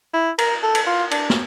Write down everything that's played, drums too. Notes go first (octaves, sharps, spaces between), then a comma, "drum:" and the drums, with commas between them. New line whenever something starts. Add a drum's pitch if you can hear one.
E4
A#4, drum: cymbal
A4
drum: cymbal
F4
D4, drum: cymbal
drum: snare